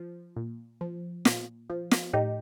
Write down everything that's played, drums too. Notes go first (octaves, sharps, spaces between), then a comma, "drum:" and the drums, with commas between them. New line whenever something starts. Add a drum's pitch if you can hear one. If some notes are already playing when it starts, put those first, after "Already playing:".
Already playing: F3
A#2
F3
A#2, drum: snare
F3
drum: snare
A2 D#4 G4